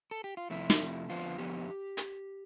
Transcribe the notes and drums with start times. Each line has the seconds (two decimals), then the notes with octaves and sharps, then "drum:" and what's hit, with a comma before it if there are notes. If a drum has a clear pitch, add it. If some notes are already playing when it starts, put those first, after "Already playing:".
0.11 A4
0.24 G4
0.37 F4
0.50 F2 C3 F3 A3 E4
0.70 drum: snare
0.80 F2 C3 F3 A3
1.09 F2 D3 F3 B3 F4
1.38 F2 D3 F3 B3 G4
1.97 drum: hi-hat